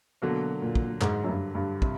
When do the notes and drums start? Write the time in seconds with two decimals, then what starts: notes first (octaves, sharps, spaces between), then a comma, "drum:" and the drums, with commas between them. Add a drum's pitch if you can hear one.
0.22 B2 D3 F#3 A#3
0.62 A#2
0.75 drum: kick
1.01 G#2, drum: clap
1.24 F#2
1.29 G2
1.55 G2
1.82 C3, drum: kick